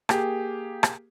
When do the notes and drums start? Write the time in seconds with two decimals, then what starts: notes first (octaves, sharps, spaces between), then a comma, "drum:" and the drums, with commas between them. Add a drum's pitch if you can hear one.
0.09 A#3 G4 G#4, drum: rim click
0.83 drum: rim click